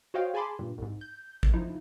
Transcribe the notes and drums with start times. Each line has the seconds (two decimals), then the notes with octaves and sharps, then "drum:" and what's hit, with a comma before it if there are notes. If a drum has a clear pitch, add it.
0.14 F#4 C5 C#5 D#5 F5 G5
0.34 G#4 G#5 A5 B5 C6 D6
0.59 G2 A#2
0.78 C2 G#2
1.01 G6
1.43 drum: kick
1.53 F3 D#4 E4